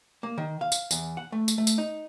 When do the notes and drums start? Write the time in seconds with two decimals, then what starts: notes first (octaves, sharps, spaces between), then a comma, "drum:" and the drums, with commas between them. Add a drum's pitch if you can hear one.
0.23 A#3
0.38 D#3
0.61 F5
0.72 drum: tambourine
0.91 E2, drum: tambourine
1.17 F#5
1.32 A3
1.48 drum: tambourine
1.58 A3
1.67 drum: tambourine
1.78 D#4